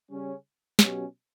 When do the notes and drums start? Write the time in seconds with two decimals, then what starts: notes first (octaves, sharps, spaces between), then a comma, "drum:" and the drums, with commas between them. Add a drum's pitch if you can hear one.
0.08 C#3 G3 C#4
0.79 B2 F#3 C#4 G4, drum: snare